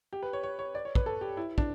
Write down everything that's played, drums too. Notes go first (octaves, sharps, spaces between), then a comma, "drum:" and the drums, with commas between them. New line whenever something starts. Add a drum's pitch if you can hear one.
G4
B4
C#5
C#5
C#5
D5
C#5
B4, drum: kick
A4
G4
E4
D4, drum: kick